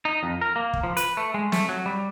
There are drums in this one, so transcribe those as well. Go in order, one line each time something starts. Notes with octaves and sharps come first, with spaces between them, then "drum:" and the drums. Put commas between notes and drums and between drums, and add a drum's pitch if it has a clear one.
D#4
F2
A#4
A#3
drum: kick
F3
B4, drum: hi-hat
A3
G#3
A3, drum: snare
F#3
G3